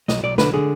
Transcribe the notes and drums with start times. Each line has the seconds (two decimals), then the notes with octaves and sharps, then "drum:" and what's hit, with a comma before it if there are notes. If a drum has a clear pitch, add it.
0.08 B1 D#5, drum: snare
0.23 B1 D5
0.38 D3 B4, drum: snare
0.54 D3 G#4